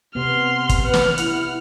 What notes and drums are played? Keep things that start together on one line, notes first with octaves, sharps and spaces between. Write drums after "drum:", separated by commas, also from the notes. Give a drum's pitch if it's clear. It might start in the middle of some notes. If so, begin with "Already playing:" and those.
C3 B3 C6 F6
drum: kick, hi-hat
B4 F#5 F6
drum: snare
E4, drum: hi-hat